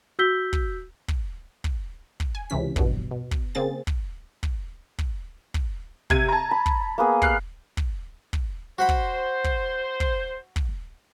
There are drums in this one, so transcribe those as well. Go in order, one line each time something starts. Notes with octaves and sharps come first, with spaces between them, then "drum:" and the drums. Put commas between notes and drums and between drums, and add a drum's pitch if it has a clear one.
F#4 E6 G6 B6 G7
drum: kick
drum: kick
drum: kick
drum: kick
G#5
C#2 C3 E3 C#4 B6
A#1 E2 G2 B2, drum: kick
B2
drum: kick
C#3 A#3 C4 G#4 A6
drum: kick
drum: kick
drum: kick
drum: kick
C3 G#6 D#7, drum: kick
A5 A#5
B5
drum: kick
A#3 B3 G#4
F6 F#6 C7, drum: kick
drum: kick
drum: kick
F#4 C5 F#5 B5
drum: kick
drum: kick
drum: kick
drum: kick